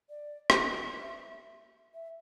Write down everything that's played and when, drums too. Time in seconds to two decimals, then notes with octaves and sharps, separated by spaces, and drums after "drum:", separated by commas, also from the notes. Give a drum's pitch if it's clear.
0.09 D5
0.50 drum: rim click
1.02 E5
1.94 E5